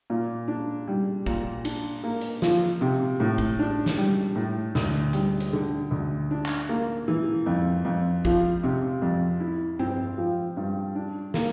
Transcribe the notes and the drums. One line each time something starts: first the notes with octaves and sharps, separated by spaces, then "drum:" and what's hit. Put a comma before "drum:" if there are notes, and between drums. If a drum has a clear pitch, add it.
A#2
D4
G3
A#2, drum: kick
D4, drum: cymbal
A#3
drum: hi-hat
F3, drum: snare
C3
A2
drum: kick
D4
drum: snare
G3
A2
D2, drum: snare
G3, drum: hi-hat
drum: hi-hat
D3
D2
D4
drum: clap
A#3
E3
F2
F2
F3, drum: kick
C3
F2
E4
C4, drum: tom G2
F3
G2
D4
A#3, drum: snare